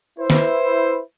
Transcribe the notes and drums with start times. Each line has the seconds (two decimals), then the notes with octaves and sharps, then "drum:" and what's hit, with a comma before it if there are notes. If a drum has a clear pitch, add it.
0.19 E4 B4 C5
0.30 drum: snare